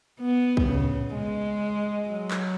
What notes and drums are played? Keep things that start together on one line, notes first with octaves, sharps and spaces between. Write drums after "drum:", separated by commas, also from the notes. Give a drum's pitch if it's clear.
B3
drum: kick B1
C#3
drum: tom A2
G#3
F#3
drum: clap